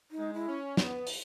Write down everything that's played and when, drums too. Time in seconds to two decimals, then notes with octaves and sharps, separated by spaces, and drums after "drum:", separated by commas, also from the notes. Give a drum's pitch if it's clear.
0.11 D#4
0.18 G#3
0.34 E4
0.49 C#4
0.77 B3, drum: snare
1.07 drum: open hi-hat